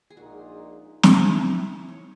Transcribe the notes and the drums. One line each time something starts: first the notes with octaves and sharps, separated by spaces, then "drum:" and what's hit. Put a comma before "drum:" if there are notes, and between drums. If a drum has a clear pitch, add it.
G#4
A#1 A#2 G#3 D#4 F#4
E4, drum: snare
E4
E4
D#4
C#5